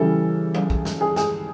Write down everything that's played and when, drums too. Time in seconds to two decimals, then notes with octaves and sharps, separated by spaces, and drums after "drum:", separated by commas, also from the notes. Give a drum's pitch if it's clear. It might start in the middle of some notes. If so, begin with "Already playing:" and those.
Already playing: C#3 E3 G3 A4
0.55 drum: tom F#3
0.70 drum: kick
0.85 drum: snare
1.01 G#4
1.16 G#4, drum: snare